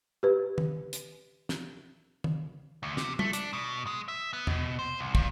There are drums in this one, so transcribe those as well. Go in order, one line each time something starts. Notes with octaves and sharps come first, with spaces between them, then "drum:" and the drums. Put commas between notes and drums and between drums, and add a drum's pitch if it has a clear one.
G4 B4
drum: tom
drum: hi-hat
drum: snare
drum: tom
D2
C3, drum: snare
A3, drum: tom
D4, drum: hi-hat
B2
G#3
E5
B3
B2, drum: tom E2
C5
C2
A#2, drum: kick